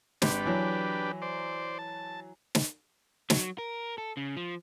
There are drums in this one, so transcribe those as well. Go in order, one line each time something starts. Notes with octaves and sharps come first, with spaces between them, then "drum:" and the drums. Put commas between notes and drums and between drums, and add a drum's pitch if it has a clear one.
G#1 D4 G4 B4, drum: snare
E3 F#3
C5 D5
A5
drum: snare
F#3, drum: snare
A#4
A4
C#3
F3